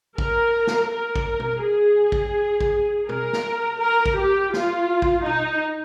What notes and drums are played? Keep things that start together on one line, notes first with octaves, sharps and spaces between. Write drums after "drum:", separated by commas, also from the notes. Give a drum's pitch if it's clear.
A#4, drum: kick A1
drum: snare
A#4
drum: kick A1
drum: tom
G#4
drum: kick A1
drum: kick A1
A#4, drum: tom
drum: snare
A#4
drum: kick A1
G4
F4, drum: snare
drum: kick A1
D#4, drum: tom